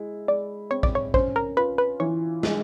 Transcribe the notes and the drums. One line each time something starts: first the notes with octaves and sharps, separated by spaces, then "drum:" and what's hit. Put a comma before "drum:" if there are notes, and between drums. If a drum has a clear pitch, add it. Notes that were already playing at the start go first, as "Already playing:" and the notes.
Already playing: G#3 E4
G#3 D5
C4 C#5
D5, drum: kick A#1
C#5
C#4 C5, drum: kick A#1
A#4
F4 B4
B4
E3 C#5
G#3, drum: snare